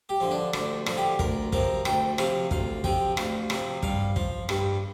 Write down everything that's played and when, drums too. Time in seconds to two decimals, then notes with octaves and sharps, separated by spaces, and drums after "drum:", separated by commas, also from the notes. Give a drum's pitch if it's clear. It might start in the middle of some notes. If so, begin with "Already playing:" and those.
0.09 G4
0.20 D3 F3
0.31 D4
0.53 D2 D4, drum: rim click
0.86 D3 F3, drum: rim click
0.97 G4
1.19 D2 A#4, drum: kick
1.52 C3 F3 A#4, drum: kick
1.85 D2 G5, drum: rim click
2.18 C3 F3 F5, drum: rim click
2.51 D2 F5, drum: kick
2.84 C3 F3 G5, drum: kick
3.17 D2 F5, drum: rim click
3.50 C3 F3, drum: rim click
3.83 G2 F5, drum: kick
4.16 F3, drum: kick
4.49 G2, drum: rim click